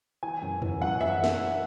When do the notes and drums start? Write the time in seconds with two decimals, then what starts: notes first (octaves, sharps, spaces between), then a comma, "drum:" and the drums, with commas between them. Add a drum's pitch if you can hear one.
0.23 E3 G#5
0.42 F#2
0.62 E3, drum: tom E2
0.81 F#2 F#5
1.01 E3 E5
1.24 drum: snare